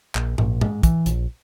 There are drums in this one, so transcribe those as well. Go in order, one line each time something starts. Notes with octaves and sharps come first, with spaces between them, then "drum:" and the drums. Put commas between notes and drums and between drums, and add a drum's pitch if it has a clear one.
A#1, drum: clap
A#1, drum: tom G#2
G#2, drum: tom G#2
E3, drum: kick, hi-hat
A#1, drum: hi-hat